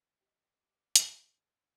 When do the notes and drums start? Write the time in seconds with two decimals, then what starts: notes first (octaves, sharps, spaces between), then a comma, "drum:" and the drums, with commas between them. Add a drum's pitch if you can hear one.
0.21 F#4 G4 D5 D#5
0.96 drum: hi-hat
1.35 C4 E5